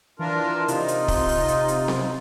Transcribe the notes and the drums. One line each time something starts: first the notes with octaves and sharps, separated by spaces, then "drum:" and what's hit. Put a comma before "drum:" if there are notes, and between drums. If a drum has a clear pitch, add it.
E3 D4 F4 A#4
C3 D#4 F4, drum: hi-hat
drum: hi-hat
drum: kick, open hi-hat
drum: open hi-hat
drum: hi-hat
drum: hi-hat
drum: snare C4